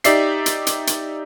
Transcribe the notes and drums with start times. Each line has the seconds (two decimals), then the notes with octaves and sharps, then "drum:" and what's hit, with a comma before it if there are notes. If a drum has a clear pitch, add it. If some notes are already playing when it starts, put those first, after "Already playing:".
0.04 D#4 G4 D5 E5 C7, drum: hi-hat
0.46 drum: hi-hat
0.67 drum: hi-hat
0.87 drum: hi-hat